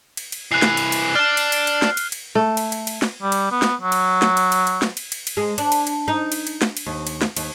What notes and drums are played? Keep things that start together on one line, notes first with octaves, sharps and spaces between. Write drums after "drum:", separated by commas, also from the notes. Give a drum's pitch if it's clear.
drum: cymbal
drum: cymbal
C2 E3 F#6 C7
drum: snare
drum: cymbal
drum: cymbal
D5 A5 F6
drum: cymbal
drum: cymbal
drum: cymbal
drum: snare
drum: cymbal
drum: cymbal
A3
drum: cymbal
drum: cymbal
drum: cymbal
drum: snare
G3
drum: cymbal
B3
drum: snare
F#3
drum: cymbal
drum: snare
drum: cymbal
drum: cymbal
drum: cymbal
drum: snare
drum: cymbal
drum: cymbal
drum: cymbal
G#3
D4, drum: cymbal
drum: cymbal
drum: cymbal
D#4
drum: cymbal
drum: cymbal
drum: snare
drum: cymbal
D#2
drum: cymbal
drum: snare
D#2, drum: cymbal